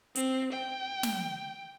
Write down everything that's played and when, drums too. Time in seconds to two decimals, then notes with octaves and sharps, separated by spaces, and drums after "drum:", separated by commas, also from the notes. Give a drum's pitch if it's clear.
0.15 C4, drum: hi-hat
0.53 G5
1.03 drum: snare